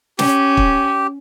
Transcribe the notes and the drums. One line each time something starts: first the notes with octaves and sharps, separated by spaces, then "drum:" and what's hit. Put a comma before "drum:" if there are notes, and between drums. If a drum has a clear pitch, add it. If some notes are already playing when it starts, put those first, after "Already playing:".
C#4 G4, drum: snare
drum: kick